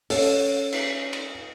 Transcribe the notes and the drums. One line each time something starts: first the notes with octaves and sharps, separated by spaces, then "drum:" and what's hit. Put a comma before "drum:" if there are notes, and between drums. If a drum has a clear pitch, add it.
C#4 A4, drum: open hi-hat
drum: cymbal
drum: cymbal